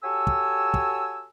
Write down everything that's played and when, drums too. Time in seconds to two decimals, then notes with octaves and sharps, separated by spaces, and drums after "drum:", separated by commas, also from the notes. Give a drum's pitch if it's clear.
0.03 F#4 G4 A4 C#5 G#5 E6
0.27 drum: kick
0.74 drum: kick